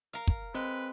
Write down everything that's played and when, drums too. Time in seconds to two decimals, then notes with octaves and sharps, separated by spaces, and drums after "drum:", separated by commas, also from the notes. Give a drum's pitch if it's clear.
0.13 A#4 F5
0.27 drum: kick
0.54 G#3 C4 B4